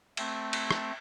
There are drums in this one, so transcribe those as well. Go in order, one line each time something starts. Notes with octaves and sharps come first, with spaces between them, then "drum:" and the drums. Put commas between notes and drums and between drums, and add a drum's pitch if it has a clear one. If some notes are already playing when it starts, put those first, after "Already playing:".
A3 C4, drum: cymbal
drum: cymbal
drum: rim click